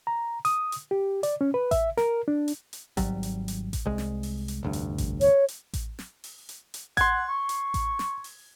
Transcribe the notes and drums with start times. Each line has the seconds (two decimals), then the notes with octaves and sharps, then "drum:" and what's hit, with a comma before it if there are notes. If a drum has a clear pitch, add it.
0.07 A#5
0.45 D#6, drum: hi-hat
0.72 drum: hi-hat
0.91 G4
1.23 D5, drum: hi-hat
1.41 C#4
1.54 B4
1.71 E5, drum: kick A1, hi-hat
1.98 A#4, drum: snare
2.28 D4
2.48 drum: hi-hat
2.73 drum: hi-hat
2.97 G#1 F#3 G3, drum: kick A1, hi-hat
3.23 drum: hi-hat
3.48 drum: hi-hat
3.73 drum: kick A1, hi-hat
3.86 C2 G#3
3.98 drum: snare
4.23 drum: open hi-hat
4.48 drum: hi-hat
4.63 F1 D2 G2
4.73 drum: hi-hat
4.98 drum: kick A1, hi-hat
5.21 C#5, drum: hi-hat
5.48 drum: hi-hat
5.73 drum: kick A1, hi-hat
5.99 drum: snare
6.24 drum: open hi-hat
6.49 drum: hi-hat
6.74 drum: hi-hat
6.97 F#5 C6 G#6, drum: kick A1, hi-hat
7.29 C#6
7.49 drum: hi-hat
7.74 drum: kick A1, hi-hat
7.99 drum: snare
8.24 drum: open hi-hat